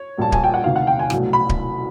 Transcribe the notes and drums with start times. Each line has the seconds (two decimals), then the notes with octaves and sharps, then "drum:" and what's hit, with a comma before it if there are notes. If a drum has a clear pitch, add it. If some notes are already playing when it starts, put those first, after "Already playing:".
Already playing: C#5
0.17 A#1 A#2 G3 A#3 A5
0.32 G#5, drum: kick D1
0.44 G5
0.54 F#5
0.64 E1 D2 C3 D#3 F5
0.76 F#5
0.87 G5
0.99 G#5
1.10 C2 B2 F#3 A3, drum: rim click
1.33 B5
1.49 drum: kick D1